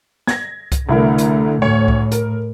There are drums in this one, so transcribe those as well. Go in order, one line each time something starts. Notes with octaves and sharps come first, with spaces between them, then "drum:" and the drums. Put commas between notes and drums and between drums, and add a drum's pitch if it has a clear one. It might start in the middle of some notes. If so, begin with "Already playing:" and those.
G#6 A#6, drum: snare
drum: kick C2, hi-hat
C2 D3 A3 E4 A#4
drum: hi-hat
D2 A2 C#5 C#7
drum: kick C2
A#4, drum: hi-hat